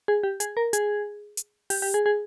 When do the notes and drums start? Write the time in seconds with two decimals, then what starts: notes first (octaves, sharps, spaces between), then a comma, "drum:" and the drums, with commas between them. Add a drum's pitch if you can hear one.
0.08 G#4
0.23 G4
0.40 G#4, drum: hi-hat
0.57 A#4
0.73 G#4, drum: hi-hat
1.37 drum: hi-hat
1.70 G4, drum: open hi-hat
1.82 G4
1.94 G#4
2.06 G#4